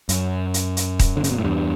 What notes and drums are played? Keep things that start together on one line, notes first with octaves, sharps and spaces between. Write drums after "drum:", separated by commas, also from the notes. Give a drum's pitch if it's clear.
F#2, drum: hi-hat
drum: hi-hat
drum: hi-hat
drum: kick D#1, hi-hat
D3
C#3, drum: hi-hat
B2
A2
E2 G2